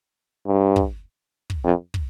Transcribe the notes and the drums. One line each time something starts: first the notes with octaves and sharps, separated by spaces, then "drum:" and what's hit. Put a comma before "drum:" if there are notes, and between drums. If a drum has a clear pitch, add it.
G2
drum: kick
drum: kick
F2
drum: kick